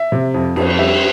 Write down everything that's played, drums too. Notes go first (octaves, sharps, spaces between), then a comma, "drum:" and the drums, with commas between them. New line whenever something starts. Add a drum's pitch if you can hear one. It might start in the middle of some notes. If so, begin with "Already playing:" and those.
Already playing: E5
C3
F2
F2, drum: cymbal
G3 E5